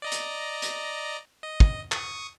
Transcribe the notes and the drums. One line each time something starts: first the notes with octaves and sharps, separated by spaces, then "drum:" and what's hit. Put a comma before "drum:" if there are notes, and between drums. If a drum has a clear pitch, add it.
D5 D#5 A#5
drum: hi-hat
drum: hi-hat
D#5
drum: kick
C#6 D#6, drum: clap